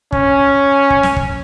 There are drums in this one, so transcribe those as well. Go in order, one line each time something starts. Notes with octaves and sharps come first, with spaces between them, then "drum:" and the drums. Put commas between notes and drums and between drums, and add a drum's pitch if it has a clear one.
C#4, drum: kick
drum: kick
drum: snare
drum: kick